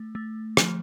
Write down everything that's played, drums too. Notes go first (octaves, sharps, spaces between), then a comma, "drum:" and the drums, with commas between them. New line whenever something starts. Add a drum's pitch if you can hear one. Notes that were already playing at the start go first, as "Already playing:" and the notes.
Already playing: A3
A3
F3, drum: rim click